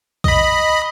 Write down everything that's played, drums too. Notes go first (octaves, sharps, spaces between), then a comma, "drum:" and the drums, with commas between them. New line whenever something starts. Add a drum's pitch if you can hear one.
D#5 B5, drum: kick B1